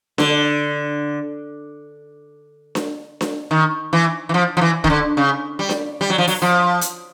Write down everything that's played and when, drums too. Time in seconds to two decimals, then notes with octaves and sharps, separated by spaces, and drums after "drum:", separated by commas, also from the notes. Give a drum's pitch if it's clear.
0.18 D3, drum: snare D4
2.75 drum: snare D4
3.21 drum: snare D4
3.51 D#3
3.93 E3
4.29 E3
4.34 F3
4.57 F3
4.61 E3
4.84 D#3, drum: kick
4.90 D3
5.17 C#3
5.59 G3
5.69 drum: snare D4
6.01 G3
6.10 F#3
6.18 F3
6.28 F#3, drum: open hi-hat
6.42 F3
6.81 drum: hi-hat